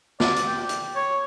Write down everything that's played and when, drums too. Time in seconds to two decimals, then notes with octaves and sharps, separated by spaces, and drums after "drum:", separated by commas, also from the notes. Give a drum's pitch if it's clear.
0.20 D5, drum: snare
0.36 drum: hi-hat
0.47 G4
0.69 drum: hi-hat
0.96 C#5